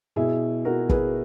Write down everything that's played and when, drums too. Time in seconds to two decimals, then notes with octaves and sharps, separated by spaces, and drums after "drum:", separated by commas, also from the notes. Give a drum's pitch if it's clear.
0.16 B2 E4 G#4
0.65 F#4 A#4
0.89 G#4 B4, drum: kick